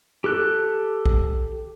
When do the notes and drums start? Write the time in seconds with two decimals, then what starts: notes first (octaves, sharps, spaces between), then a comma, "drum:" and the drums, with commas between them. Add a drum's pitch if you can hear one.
0.24 G4 A4 F#6
1.06 drum: kick B1